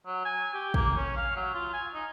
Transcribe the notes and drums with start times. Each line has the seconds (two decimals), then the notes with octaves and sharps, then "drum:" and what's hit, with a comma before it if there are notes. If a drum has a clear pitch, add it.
0.06 F#3
0.25 G#5
0.54 G4
0.74 A#3, drum: kick
0.96 C#4
1.17 F5
1.36 F#3
1.54 F4
1.73 G#5
1.94 D#4